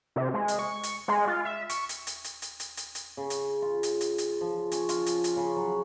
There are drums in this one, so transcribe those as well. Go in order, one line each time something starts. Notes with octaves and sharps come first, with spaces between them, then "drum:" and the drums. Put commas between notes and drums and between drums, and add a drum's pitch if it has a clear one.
C3
G#3
drum: hi-hat
C#6
drum: hi-hat
G#3
F4
E5
C#6, drum: hi-hat
drum: hi-hat
drum: hi-hat
drum: hi-hat
drum: hi-hat
drum: hi-hat
drum: hi-hat
drum: hi-hat
C#3
drum: hi-hat
F4
drum: hi-hat
drum: hi-hat
drum: hi-hat
F3
C#4, drum: hi-hat
F4, drum: hi-hat
drum: hi-hat
drum: hi-hat
C#3
F#3